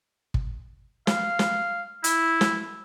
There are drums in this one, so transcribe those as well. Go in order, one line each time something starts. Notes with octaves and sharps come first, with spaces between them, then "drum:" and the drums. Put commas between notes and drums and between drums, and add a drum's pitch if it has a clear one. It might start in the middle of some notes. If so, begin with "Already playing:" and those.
drum: kick
F5, drum: snare
drum: snare
E4, drum: hi-hat
drum: snare